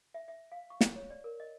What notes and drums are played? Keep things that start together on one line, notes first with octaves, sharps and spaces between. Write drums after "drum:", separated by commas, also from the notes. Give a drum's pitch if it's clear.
E5
E5
F5
C#6
drum: snare
C#5
D5
A#4
D#5